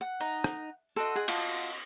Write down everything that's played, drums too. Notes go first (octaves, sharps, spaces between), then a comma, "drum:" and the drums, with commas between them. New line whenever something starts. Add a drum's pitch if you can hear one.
F#5
D#4
drum: rim click
C4 F#4 A4 D#5
G#4 F#5
F4 A5, drum: cymbal